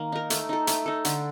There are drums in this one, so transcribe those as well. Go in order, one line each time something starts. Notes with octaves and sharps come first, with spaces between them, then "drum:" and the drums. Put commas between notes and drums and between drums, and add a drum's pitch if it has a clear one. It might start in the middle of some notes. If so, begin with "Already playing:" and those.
Already playing: D#3 A#3
D#4 A#4
A3, drum: hi-hat
D#4 A4
A3, drum: hi-hat
D#4 A4
D3, drum: hi-hat